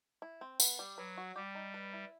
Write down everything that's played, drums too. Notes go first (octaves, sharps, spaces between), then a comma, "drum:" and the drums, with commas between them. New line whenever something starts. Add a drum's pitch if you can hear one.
E4
C4
B3, drum: tambourine
G3
F#3 B4
F#4
G3 G4
D#4
B4
E4